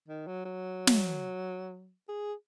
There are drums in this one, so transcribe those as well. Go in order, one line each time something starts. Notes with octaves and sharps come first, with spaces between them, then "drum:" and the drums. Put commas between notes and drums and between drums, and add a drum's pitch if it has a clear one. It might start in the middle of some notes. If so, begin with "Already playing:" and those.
D#3
F#3
F#3
drum: snare
G#4